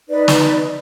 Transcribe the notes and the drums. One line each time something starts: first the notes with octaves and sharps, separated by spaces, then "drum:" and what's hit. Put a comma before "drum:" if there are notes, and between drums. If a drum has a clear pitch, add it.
D#4 B4 D5
drum: snare